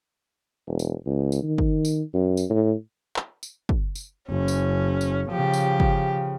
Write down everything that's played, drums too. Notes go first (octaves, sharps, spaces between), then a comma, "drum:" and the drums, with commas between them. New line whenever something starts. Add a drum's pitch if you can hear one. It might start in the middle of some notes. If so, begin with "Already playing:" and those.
E1
drum: tambourine
C#2
drum: tambourine
D#3
drum: kick
drum: tambourine
F#2
drum: tambourine
A2
drum: clap
drum: tambourine
drum: kick
drum: tambourine
F#1 C#4
drum: tambourine
drum: tambourine
C#3 F3 G4
drum: tambourine
drum: kick